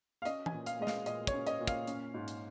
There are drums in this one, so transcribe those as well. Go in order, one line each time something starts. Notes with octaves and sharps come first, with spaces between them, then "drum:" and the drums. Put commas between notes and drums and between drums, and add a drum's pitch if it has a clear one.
F5
C#4 D#5, drum: hi-hat
G#5, drum: tom E3
A#2
F5, drum: hi-hat
G#3 D#5
F5, drum: snare
A#2 D#5, drum: hi-hat
C#5, drum: kick, hi-hat
C#4
D#5, drum: hi-hat
A#2
F5, drum: kick, hi-hat
C#4, drum: hi-hat
G#2
drum: hi-hat